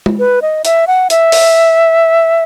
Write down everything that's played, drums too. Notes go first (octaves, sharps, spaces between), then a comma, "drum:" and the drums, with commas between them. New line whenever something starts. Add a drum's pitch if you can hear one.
drum: tom G#3
B4
D#5
E5, drum: hi-hat
F#5
E5, drum: hi-hat
drum: open hi-hat